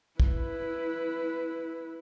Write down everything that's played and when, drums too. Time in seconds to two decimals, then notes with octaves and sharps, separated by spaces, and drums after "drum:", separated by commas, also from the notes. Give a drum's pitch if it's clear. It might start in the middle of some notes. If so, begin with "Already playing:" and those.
0.20 E4 B4, drum: kick